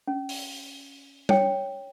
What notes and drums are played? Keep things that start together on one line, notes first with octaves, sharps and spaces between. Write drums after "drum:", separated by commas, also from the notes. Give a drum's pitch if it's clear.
C#4
drum: open hi-hat
C#5 G5, drum: tom G3